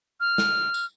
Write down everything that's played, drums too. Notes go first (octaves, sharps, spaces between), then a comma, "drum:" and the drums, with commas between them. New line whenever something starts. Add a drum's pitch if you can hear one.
F6
drum: snare
drum: tambourine